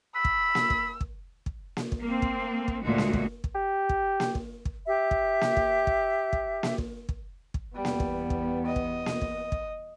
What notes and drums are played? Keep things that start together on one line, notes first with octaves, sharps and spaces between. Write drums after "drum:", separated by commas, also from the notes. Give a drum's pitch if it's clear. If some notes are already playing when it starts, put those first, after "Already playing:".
B5 E6
drum: kick
drum: snare A#3
drum: kick
drum: kick
drum: kick
drum: snare A#3
drum: kick
A#3 C4
drum: kick
drum: kick
D2 A#2 G#3 F#4
drum: snare A#3
drum: kick
drum: kick
G4
drum: kick
drum: snare A#3
drum: kick
drum: kick
G4 E5
drum: kick
drum: snare A#3
drum: kick
drum: kick
drum: kick
drum: snare A#3
drum: kick
drum: kick
drum: kick
E2 G3 B3
drum: snare A#3
drum: kick
drum: kick
D#5
drum: kick
drum: snare A#3
drum: kick
drum: kick